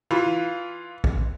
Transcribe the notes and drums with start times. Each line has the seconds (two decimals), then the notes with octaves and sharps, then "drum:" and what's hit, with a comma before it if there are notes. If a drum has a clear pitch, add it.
0.11 E3 F4
1.04 drum: kick A#1